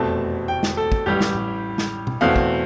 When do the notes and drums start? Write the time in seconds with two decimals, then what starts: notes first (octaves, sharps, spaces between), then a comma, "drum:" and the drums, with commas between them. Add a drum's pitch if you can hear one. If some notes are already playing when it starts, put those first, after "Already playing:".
Already playing: F1 E2 B2 A3 C4 A5
0.48 G5
0.63 drum: snare
0.77 A4
0.92 drum: kick
1.06 A1 A2 E3 G3 G4
1.20 drum: snare
1.35 drum: tom A2
1.78 drum: snare
2.07 drum: tom B2
2.21 E2 B2 A3 C4 F5
2.36 drum: kick